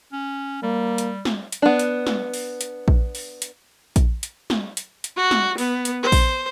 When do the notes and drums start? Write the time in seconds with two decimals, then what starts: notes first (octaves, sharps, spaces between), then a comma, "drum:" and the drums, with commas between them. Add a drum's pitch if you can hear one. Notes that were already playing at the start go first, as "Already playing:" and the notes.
0.12 C#4
0.63 G3 A#3
0.98 drum: hi-hat
1.25 drum: snare
1.52 drum: hi-hat
1.62 B3 D4
1.79 drum: hi-hat
2.07 drum: snare
2.34 drum: open hi-hat
2.61 drum: hi-hat
2.88 drum: kick A#1
3.15 drum: open hi-hat
3.42 drum: hi-hat
3.96 drum: kick A#1, hi-hat
4.23 drum: hi-hat
4.50 drum: snare
4.77 drum: hi-hat
5.04 drum: hi-hat
5.16 F#4
5.31 drum: snare
5.58 B3, drum: open hi-hat
5.85 drum: hi-hat
6.03 C5
6.12 drum: kick A#1, open hi-hat